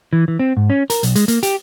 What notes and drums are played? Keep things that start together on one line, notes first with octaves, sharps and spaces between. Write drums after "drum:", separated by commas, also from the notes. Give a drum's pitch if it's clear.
E3
E3
C4
G#2
C#4
A#4, drum: hi-hat
B1, drum: hi-hat
G#3, drum: hi-hat
A#3, drum: hi-hat
G4, drum: hi-hat